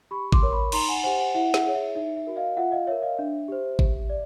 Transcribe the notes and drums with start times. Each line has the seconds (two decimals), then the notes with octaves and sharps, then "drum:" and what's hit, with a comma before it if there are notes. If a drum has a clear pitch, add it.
0.11 G4 B5 C#6
0.32 C6 D6, drum: kick G#1
0.42 A#4 C#5
0.52 B5 C#6
0.72 D#4 A#5 C6, drum: cymbal
0.88 F#5 G#5
1.03 G4 C5 F#5 G#5
1.18 F#5 G#5
1.34 E4 E5 F#5
1.54 E5 F#5, drum: snare
1.65 G#4 C#5
1.75 E5
1.95 D#4 E5
2.16 E5
2.27 F#4 A#4
2.36 D#5 F5
2.57 F4 E5 F#5
2.72 D#5 F5
2.87 A#4 C#5 E5
3.02 D#5 F5
3.18 D4 E5
3.48 G4 C5
3.79 G4, drum: kick G#1
4.09 D5